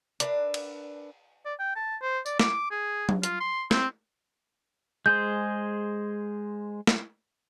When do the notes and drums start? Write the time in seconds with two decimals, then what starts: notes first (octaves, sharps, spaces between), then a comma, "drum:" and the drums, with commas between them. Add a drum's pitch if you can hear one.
0.20 D4 A#4 B4 E5, drum: hi-hat
0.54 drum: cymbal
1.45 D5
1.59 G5
1.76 A5
2.02 C5
2.26 D5, drum: tambourine
2.40 D6, drum: snare
2.71 G#4
3.09 drum: tom F#3
3.23 F4, drum: hi-hat
3.40 C6
3.71 C4, drum: snare
5.06 G#3 G#4 C5 G6
6.87 drum: snare